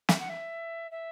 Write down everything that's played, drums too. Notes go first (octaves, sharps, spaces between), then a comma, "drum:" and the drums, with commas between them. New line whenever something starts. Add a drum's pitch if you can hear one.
E5, drum: snare
F#5
E5
E5